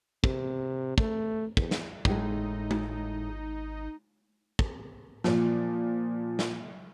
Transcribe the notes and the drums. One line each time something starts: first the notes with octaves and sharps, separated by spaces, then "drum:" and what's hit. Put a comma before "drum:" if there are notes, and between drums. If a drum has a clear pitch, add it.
C3, drum: kick
A3, drum: kick
E2, drum: kick
drum: snare
G#1 A2 G#3 D#4, drum: kick
drum: tom G#3
drum: kick
A#2 F3, drum: snare
drum: snare